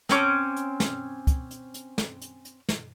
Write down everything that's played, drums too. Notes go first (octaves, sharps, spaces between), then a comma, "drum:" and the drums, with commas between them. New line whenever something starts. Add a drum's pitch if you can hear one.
C4 C#4 D6, drum: snare
drum: hi-hat
drum: snare
drum: kick, hi-hat
drum: hi-hat
drum: hi-hat
drum: snare
drum: hi-hat
drum: hi-hat
drum: snare